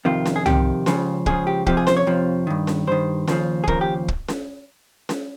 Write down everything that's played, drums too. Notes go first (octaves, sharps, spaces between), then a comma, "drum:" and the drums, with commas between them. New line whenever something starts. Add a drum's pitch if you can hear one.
F2 C3 D#3 F4
drum: snare C#4
G#4
F2 C3 D#3 G4, drum: tom
C#2 C#3 F3, drum: snare C#4
C#2 C#3 F3 G#4, drum: kick
G4
F2 C3 F3 G4, drum: kick
G#4
C5, drum: snare C#4
C#5
F2 C3 F3
G2 D#3
drum: snare C#4
G2 D#3 C5
D#2 C#3 F3, drum: snare C#4
G#4
D#2 C#3 F3 A#4, drum: kick
G4
drum: kick
drum: snare C#4
drum: snare C#4